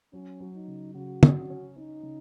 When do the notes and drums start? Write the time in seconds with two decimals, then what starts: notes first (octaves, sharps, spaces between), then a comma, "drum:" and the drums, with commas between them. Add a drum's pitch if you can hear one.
0.13 F#3 C#4
0.40 F#3
0.55 D#4
0.68 C#3
0.95 C#3 F#4
1.23 C#3, drum: tom
1.50 C#4
1.76 C#4 D#4
2.03 C#3